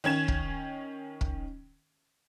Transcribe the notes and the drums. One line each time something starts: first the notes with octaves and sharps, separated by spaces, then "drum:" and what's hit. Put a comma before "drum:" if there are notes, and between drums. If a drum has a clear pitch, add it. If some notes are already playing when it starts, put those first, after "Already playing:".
D#3 C#4 G#6 E7
drum: kick
drum: kick